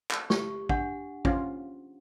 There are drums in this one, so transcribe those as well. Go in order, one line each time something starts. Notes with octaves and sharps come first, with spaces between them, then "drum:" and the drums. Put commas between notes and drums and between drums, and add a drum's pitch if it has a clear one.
drum: clap
G4 C#6, drum: snare
D4 F#5, drum: kick
C#4 F4, drum: kick